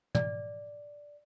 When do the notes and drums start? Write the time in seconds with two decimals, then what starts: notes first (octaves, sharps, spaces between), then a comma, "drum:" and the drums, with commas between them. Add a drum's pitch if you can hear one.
0.15 D5, drum: tom